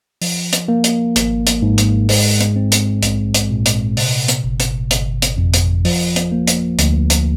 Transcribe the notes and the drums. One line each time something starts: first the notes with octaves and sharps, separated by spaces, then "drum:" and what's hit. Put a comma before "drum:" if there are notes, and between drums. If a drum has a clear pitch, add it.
F3, drum: open hi-hat
drum: hi-hat
A#3
drum: hi-hat
G#1, drum: hi-hat
drum: hi-hat
G#2
drum: hi-hat
G#3, drum: open hi-hat
drum: hi-hat
C4
drum: hi-hat
A#1, drum: hi-hat
drum: hi-hat
A#2
drum: hi-hat
C3, drum: open hi-hat
drum: hi-hat
G1
drum: hi-hat
G1, drum: hi-hat
drum: hi-hat
F2
drum: hi-hat
F3, drum: open hi-hat
drum: hi-hat
A#3
drum: hi-hat
D2, drum: hi-hat
drum: hi-hat